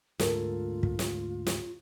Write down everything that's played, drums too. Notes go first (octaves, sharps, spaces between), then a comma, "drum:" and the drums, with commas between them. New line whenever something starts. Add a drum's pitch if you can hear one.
D2 G#2 G#3 F4 A4 A#4, drum: snare
drum: kick
drum: snare
drum: snare